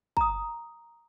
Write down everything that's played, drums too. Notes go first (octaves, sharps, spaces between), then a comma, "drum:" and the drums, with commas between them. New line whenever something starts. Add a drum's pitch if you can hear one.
A#5 D#6, drum: kick